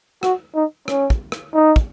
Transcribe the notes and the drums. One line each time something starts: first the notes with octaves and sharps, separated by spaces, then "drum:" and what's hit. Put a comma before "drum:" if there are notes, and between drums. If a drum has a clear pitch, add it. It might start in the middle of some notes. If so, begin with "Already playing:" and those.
F#4, drum: rim click
D#4
C#4, drum: rim click
drum: kick
drum: rim click
D#4
drum: kick